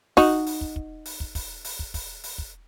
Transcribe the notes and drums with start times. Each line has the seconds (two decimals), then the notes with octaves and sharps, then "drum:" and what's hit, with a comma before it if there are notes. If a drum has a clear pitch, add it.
0.17 D#4 F#4, drum: kick, open hi-hat
0.46 drum: open hi-hat
0.61 drum: kick
0.76 drum: kick
1.05 drum: open hi-hat
1.20 drum: kick
1.35 drum: kick, open hi-hat
1.65 drum: open hi-hat
1.79 drum: kick
1.94 drum: kick, open hi-hat
2.24 drum: open hi-hat
2.38 drum: kick